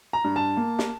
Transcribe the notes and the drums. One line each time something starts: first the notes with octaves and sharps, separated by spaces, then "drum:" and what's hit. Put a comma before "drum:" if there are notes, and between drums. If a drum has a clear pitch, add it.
A#5
G2
A5
A#3
drum: snare